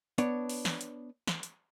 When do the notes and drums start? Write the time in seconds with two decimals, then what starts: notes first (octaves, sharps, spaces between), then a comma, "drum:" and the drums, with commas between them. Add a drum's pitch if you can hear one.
0.18 B3 D4 C#5, drum: hi-hat
0.49 drum: open hi-hat
0.65 drum: snare
0.81 drum: hi-hat
1.27 drum: snare
1.43 drum: hi-hat